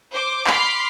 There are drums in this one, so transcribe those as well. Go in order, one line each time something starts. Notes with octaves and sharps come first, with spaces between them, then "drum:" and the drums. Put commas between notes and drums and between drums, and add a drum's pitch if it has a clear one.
C5 D6
B5 C6 D6 F6 B6 C7, drum: clap